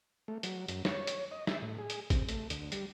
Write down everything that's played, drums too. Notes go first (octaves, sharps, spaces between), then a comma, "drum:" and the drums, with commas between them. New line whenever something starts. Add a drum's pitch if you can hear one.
A3
F#3, drum: hi-hat
F#2, drum: hi-hat
C#5, drum: snare
drum: hi-hat
D#5
E5, drum: snare
A2
G#4
drum: hi-hat
C3, drum: kick G#1, hi-hat
A3, drum: hi-hat
D2, drum: hi-hat
G3, drum: hi-hat